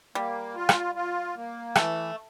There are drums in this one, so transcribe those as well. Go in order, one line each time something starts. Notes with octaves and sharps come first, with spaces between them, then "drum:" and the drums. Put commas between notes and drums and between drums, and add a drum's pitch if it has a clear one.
G3 A#3
F4
drum: rim click
F4
A#3
E3 A3, drum: rim click